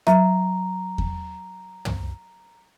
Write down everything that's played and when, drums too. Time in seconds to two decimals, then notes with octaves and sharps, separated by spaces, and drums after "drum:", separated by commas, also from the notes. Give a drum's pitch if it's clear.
0.07 F#3 E5 A#5, drum: rim click
0.98 drum: kick E2
1.85 drum: tom